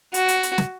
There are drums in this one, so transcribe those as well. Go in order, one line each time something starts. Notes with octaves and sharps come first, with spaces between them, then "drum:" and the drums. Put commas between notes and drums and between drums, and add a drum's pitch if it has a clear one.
F#4, drum: hi-hat
drum: hi-hat
drum: hi-hat
drum: snare